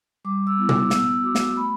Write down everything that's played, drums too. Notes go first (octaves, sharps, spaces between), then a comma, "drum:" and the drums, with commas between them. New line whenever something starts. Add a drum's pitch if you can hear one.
G3 D6
E6
B3 E4
D6, drum: tom A#2
B3 E6, drum: snare
F#4 D6
drum: snare
A3 B5